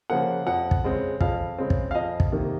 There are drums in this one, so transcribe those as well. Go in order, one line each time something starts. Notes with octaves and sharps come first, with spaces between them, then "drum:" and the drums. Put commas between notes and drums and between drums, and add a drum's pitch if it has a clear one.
C#3 F3 A#3 F#5
F2 F#5
drum: kick
C#3 G#3 C4
F2 F5, drum: kick
C#3 G#3 C4
drum: kick
F5
F2 D#5
drum: kick
C3 D#3 A#3